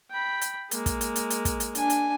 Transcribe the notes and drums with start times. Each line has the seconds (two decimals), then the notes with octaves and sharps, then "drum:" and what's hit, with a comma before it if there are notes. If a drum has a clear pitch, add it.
0.11 G5 B5
0.41 drum: hi-hat
0.71 G#3 A#3, drum: hi-hat
0.86 drum: kick, hi-hat
1.01 drum: hi-hat
1.16 drum: hi-hat
1.30 drum: hi-hat
1.45 drum: kick, hi-hat
1.60 drum: hi-hat
1.75 D4 G#5, drum: hi-hat
1.90 drum: hi-hat